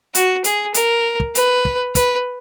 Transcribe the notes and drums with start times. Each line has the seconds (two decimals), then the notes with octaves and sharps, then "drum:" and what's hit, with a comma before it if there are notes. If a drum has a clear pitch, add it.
0.15 F#4, drum: hi-hat
0.44 G#4, drum: hi-hat
0.74 A#4, drum: hi-hat
1.20 drum: kick
1.35 B4, drum: hi-hat
1.65 drum: kick
1.95 B4, drum: kick, hi-hat